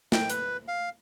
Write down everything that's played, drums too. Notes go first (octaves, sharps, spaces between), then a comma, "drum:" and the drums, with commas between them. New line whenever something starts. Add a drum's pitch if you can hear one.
G5, drum: snare
B4, drum: hi-hat
F5